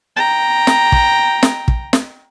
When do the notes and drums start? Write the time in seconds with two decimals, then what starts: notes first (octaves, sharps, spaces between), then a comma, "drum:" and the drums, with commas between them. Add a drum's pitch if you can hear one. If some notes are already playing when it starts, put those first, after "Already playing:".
0.17 G5 A#5
0.67 drum: snare
0.92 drum: kick
1.43 drum: snare
1.68 drum: kick
1.93 drum: snare